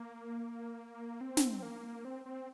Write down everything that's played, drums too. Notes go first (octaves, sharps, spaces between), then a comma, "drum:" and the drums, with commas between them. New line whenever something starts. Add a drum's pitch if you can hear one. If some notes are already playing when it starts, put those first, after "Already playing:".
Already playing: A#3
C4
drum: snare
A#3
C4
C4